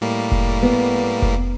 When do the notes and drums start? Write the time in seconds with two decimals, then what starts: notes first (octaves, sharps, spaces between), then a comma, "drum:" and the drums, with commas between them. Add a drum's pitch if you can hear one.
0.01 A2 G3 A#3
0.32 drum: kick F1
0.63 B3
1.22 drum: kick F1